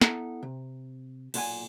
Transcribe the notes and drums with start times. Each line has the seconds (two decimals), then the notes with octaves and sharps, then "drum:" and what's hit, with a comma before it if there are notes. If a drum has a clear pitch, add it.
0.02 B3 E4 A4 A#5, drum: snare
0.43 C3
1.34 B1 A#2 F#5 G#5, drum: cymbal